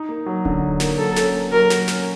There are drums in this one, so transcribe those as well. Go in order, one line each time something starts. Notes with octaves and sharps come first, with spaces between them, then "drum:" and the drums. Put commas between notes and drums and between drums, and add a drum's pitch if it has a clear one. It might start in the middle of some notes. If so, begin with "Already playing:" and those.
Already playing: D#4
A#3
F#3
D3, drum: kick D1
D#4
A#3, drum: snare
F#3 A4
C#4, drum: snare
A#3
F#3 A#4
F#3, drum: snare
C#4, drum: snare